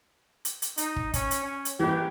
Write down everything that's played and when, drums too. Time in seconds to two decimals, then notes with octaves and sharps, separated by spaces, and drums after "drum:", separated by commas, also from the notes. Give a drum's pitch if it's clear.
0.45 drum: hi-hat
0.62 drum: hi-hat
0.78 D#4, drum: hi-hat
0.96 drum: kick
1.14 C#4, drum: kick, hi-hat
1.31 drum: hi-hat
1.43 C#4
1.65 drum: hi-hat
1.79 F#1 E3 G4